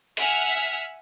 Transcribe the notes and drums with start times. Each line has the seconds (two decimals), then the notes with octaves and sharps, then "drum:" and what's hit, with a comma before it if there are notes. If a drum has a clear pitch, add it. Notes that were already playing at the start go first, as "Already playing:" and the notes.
0.17 E5 F#5 G#5 E6 F6 B6, drum: open hi-hat